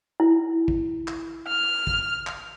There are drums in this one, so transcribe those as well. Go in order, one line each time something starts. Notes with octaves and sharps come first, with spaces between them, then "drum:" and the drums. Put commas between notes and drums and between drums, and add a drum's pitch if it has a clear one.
E4
drum: kick
drum: clap
F6
drum: kick
drum: clap